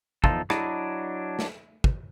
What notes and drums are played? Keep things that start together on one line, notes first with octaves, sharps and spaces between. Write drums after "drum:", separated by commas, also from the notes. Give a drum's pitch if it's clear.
E2 F3 D#4 F4 A4, drum: kick
F#3 D4 E4 D#5, drum: rim click
drum: snare
drum: kick